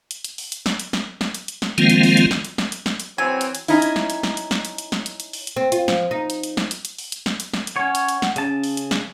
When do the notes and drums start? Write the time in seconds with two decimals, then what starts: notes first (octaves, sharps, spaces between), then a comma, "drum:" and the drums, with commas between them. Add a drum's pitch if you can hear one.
0.11 drum: hi-hat
0.24 drum: hi-hat
0.38 drum: open hi-hat
0.52 drum: hi-hat
0.66 drum: snare
0.80 drum: hi-hat
0.93 drum: snare
1.21 drum: snare
1.35 drum: hi-hat
1.48 drum: hi-hat
1.62 drum: snare
1.78 D#3 F3 G#3 A#3 C4 F4, drum: hi-hat
1.90 drum: hi-hat
2.03 drum: open hi-hat
2.17 drum: hi-hat
2.31 drum: snare
2.45 drum: hi-hat
2.58 drum: snare
2.72 drum: hi-hat
2.86 drum: snare
3.00 drum: hi-hat
3.18 E3 F#3 C4 G#5
3.41 drum: hi-hat
3.55 drum: hi-hat
3.68 C#4 D#4 E4, drum: open hi-hat
3.82 drum: hi-hat
3.96 drum: snare
4.10 drum: hi-hat
4.23 drum: snare
4.37 drum: hi-hat
4.51 drum: snare
4.65 drum: hi-hat
4.78 drum: hi-hat
4.92 drum: snare
5.06 drum: hi-hat
5.20 drum: hi-hat
5.33 drum: open hi-hat
5.47 drum: hi-hat
5.56 C4
5.72 F4, drum: hi-hat
5.88 F3, drum: snare
6.11 D#4
6.30 drum: hi-hat
6.43 drum: hi-hat
6.57 drum: snare
6.71 drum: hi-hat
6.85 drum: hi-hat
6.98 drum: open hi-hat
7.12 drum: hi-hat
7.26 drum: snare
7.40 drum: hi-hat
7.54 drum: snare
7.67 drum: hi-hat
7.76 C#4 C#5 F#5
7.95 drum: hi-hat
8.09 drum: hi-hat
8.22 drum: snare
8.36 C#3 C#4 A5, drum: hi-hat
8.64 drum: open hi-hat
8.77 drum: hi-hat
8.91 drum: snare